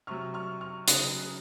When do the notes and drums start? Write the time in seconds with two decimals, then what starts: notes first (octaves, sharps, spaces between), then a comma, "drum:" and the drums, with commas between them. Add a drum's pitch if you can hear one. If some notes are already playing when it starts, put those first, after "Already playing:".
0.07 C3 F#3 C#6 F6
0.34 C#6 F6
0.61 C#6 F6
0.88 C#3 F#3 D#6 F#6, drum: hi-hat